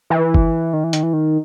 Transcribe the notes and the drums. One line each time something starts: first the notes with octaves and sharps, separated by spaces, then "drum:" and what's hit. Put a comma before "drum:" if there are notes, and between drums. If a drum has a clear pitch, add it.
E3
drum: kick
D#3
E3
D#3, drum: hi-hat
E3
D#3